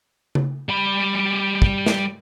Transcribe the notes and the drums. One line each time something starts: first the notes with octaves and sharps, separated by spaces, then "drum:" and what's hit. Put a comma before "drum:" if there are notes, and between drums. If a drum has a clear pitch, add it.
drum: tom C#3
G3 B5
drum: kick
drum: snare